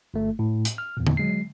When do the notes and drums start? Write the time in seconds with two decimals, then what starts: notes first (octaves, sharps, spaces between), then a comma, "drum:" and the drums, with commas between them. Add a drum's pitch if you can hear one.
0.14 G1 A3
0.39 A2
0.65 drum: hi-hat
0.78 F6
0.97 E2 A#2
1.07 drum: tom D3
1.17 F#3 G#3 C7